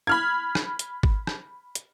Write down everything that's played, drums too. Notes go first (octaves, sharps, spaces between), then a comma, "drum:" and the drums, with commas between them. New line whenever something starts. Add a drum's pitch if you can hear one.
B5 F6 G#6
drum: rim click
drum: hi-hat
drum: kick G#1
drum: rim click
drum: hi-hat